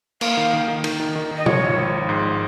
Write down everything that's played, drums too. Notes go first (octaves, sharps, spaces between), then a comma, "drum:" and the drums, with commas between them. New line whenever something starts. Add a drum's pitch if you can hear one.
A#3 F5, drum: cymbal
D#3
D#3
D#3
D#3, drum: cymbal
D#3
D#3
D#3
D#5
F3 C#5, drum: tom
G#1
G#1
F3
G#2